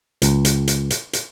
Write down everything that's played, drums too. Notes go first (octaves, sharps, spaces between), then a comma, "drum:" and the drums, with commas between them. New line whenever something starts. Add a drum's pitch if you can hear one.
C#2, drum: hi-hat
drum: hi-hat
drum: hi-hat
drum: hi-hat
drum: hi-hat